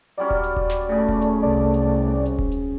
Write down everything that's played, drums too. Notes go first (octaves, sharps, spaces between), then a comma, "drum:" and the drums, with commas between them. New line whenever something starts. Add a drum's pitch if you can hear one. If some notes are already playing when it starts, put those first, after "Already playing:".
F#3 G3 C#4 D5
drum: kick D#1
drum: hi-hat
drum: kick D#1
drum: snare
C#3 A3 G#4
drum: kick D#1
drum: hi-hat
C2 D5
drum: hi-hat
drum: hi-hat
drum: kick D#1
drum: hi-hat